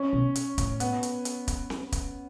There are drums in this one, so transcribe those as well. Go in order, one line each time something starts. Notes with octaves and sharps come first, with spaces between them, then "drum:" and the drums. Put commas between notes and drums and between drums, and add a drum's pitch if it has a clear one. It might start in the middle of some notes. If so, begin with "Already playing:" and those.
Already playing: C#4
B2
drum: hi-hat
A2, drum: kick, hi-hat
B3, drum: hi-hat
drum: hi-hat
drum: hi-hat
drum: kick, hi-hat
drum: snare C4
drum: kick, hi-hat